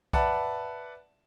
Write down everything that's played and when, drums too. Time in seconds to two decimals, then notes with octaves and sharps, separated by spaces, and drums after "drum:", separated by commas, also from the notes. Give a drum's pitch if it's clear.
0.13 B4 D5 E5 F#5 A5, drum: kick B1